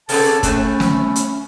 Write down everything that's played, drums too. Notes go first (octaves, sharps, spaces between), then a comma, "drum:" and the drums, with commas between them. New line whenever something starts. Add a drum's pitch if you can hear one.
B2 A#3 C#4 G#4 A4 C5 C#5 A5, drum: open hi-hat
G#3 A3 C4 C#4 E4 B4 E5, drum: kick, hi-hat
drum: snare
drum: hi-hat